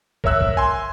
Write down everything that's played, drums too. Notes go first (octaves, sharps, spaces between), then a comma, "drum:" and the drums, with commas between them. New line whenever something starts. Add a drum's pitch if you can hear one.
A#4 C#5 E5 E6 F#6, drum: kick
drum: kick
G#5 C6